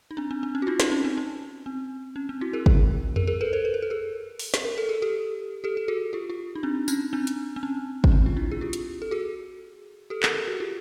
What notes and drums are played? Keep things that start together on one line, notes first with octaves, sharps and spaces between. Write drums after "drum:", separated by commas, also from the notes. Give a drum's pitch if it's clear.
D#4
C4 D4
C4
C4
C#4
F#4
D#4 F4
C#4 D#4, drum: snare
C#4
C4
C#4
C4
C#4
C4
E4 F#4
G#4 A#4
G#4 A#4, drum: kick
G#4 A#4, drum: tom F2
G#4 A#4
A4 B4
A#4 C5
B4
A#4
A4
G#4 A#4
drum: open hi-hat
drum: snare
A#4
A4
G#4
G4 A4
G4 A4
A4
F#4 G#4
F4 G4
F4 G4
D#4
C4 D4
C#4 D#4, drum: tambourine
C4 D4
drum: hi-hat
C4
C#4
C#4, drum: kick
C4
F4
D4 E4
G#4
F4 G4
drum: hi-hat
A4
F#4 G#4
G4 A4
G#4 A#4, drum: clap
F#4 G#4
F4 G4